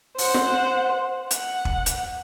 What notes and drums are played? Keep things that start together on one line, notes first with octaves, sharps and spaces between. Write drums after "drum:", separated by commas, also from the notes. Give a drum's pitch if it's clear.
C5 F#5, drum: open hi-hat
drum: snare
F#5, drum: hi-hat
drum: kick
drum: hi-hat